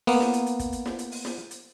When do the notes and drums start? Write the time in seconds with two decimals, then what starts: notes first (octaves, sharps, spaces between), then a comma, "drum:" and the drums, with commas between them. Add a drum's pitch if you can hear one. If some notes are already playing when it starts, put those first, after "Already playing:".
0.07 A#3 B3, drum: open hi-hat
0.20 drum: snare
0.33 drum: hi-hat
0.46 drum: hi-hat
0.59 drum: kick, hi-hat
0.73 drum: hi-hat
0.86 drum: snare
0.99 drum: hi-hat
1.12 drum: open hi-hat
1.25 drum: snare
1.51 drum: hi-hat